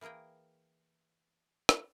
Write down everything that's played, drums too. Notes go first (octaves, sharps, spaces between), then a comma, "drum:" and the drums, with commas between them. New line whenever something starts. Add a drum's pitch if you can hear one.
E3 A#3 G#4 A#4 G5
drum: rim click